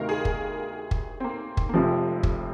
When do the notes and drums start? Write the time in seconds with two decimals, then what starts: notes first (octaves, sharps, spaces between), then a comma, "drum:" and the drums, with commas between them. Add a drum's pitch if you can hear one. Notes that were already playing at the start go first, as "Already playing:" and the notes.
Already playing: D2 C3 D#3 A#4 F5
0.09 G#4
0.25 drum: kick
0.91 drum: kick
1.20 C4
1.24 A#3
1.57 drum: kick
1.69 A#3
1.74 F1 F2 C3 F3 G#3 C4
2.23 drum: kick